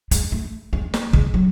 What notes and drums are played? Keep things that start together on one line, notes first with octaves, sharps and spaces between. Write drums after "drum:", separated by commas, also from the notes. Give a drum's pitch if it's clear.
G#3, drum: hi-hat
A3
G#3
drum: snare
G#3, drum: kick
F#3